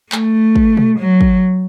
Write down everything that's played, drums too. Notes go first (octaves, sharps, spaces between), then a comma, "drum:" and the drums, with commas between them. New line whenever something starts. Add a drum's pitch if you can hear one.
A3, drum: clap
drum: kick
drum: tom B2
F#3
drum: kick